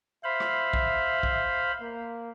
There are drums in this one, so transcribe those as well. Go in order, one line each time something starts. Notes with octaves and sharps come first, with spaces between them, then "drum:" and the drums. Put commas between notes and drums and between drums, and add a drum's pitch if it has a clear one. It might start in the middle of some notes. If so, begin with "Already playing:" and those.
C5 E5 F5 B5
drum: rim click
drum: kick
drum: kick
A#3